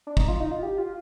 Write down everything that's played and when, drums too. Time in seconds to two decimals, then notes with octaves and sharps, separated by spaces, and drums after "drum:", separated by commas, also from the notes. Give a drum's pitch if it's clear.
0.07 D4
0.17 D#4, drum: kick
0.28 F4
0.40 D#4
0.52 F4
0.63 G4
0.78 F4